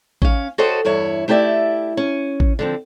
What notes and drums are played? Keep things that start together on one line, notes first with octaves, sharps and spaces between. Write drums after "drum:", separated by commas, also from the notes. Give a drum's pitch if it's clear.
C#4 F5, drum: kick A1
F#4 G4 A4 C5 C#5 D#5
E2 G2 E4 C#5
A3 E4 G4 B4 D5 E5
C#4
drum: kick A1
D3 F3 C4